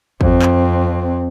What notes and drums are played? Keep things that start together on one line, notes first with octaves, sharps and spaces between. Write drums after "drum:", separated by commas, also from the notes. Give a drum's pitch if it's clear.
F2 C4, drum: kick
drum: clap